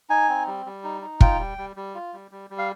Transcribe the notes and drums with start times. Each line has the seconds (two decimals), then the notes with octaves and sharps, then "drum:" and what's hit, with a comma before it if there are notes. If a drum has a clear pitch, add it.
0.10 D#4 G#5
0.29 C4
0.47 G3
0.66 G3
0.84 D#4
1.02 D#4
1.21 F4 G5, drum: kick
1.39 G3
1.58 G3
1.76 G3
1.95 F4
2.14 G3
2.31 G3
2.50 G3
2.58 F5